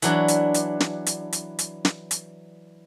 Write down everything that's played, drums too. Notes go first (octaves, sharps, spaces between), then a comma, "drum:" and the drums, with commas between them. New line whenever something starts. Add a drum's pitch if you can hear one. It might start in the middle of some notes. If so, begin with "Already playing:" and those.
E3 F#3 D4, drum: hi-hat
drum: hi-hat
drum: hi-hat
drum: snare
drum: hi-hat
drum: hi-hat
drum: hi-hat
drum: snare
drum: hi-hat